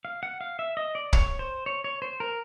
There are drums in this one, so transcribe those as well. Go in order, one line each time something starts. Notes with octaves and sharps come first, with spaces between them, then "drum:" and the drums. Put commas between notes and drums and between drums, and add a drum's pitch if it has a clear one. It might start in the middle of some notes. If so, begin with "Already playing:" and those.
F5
F#5
F5
E5
D#5
D5
C#5, drum: kick
C5
C#5
C#5
C5
A#4